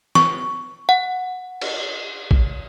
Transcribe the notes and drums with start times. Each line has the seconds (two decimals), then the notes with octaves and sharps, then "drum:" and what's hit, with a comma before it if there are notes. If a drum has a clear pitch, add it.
0.15 C#6, drum: snare
0.89 F#5
1.61 drum: cymbal
2.31 drum: kick